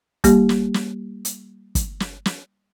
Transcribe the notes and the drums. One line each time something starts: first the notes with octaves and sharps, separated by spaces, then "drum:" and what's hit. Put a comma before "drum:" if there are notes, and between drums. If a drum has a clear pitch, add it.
G3 A#3 G4, drum: kick, hi-hat
drum: snare
drum: snare
drum: hi-hat
drum: kick, hi-hat
drum: snare
drum: snare